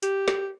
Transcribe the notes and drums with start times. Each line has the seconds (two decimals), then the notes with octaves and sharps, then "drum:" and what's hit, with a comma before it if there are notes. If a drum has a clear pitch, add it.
0.03 G4, drum: hi-hat
0.28 drum: snare